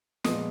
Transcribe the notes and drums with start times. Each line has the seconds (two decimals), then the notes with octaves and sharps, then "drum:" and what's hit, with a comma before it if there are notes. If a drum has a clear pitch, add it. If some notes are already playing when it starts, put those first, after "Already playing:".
0.24 A#2 F3 G#3 B3 D#6, drum: snare